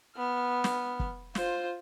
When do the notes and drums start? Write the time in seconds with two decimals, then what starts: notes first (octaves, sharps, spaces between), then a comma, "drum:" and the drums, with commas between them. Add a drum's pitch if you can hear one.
0.17 B3 F6
0.64 drum: snare
1.00 drum: kick
1.35 F4 C5, drum: snare